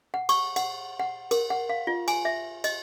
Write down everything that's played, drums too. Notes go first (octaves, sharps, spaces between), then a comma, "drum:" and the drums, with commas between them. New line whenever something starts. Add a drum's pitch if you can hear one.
F#5
C#6, drum: cymbal
F#5, drum: cymbal
F#5
A#4, drum: cymbal
F#5
F5
F4
G#5, drum: cymbal
E5
D#5, drum: cymbal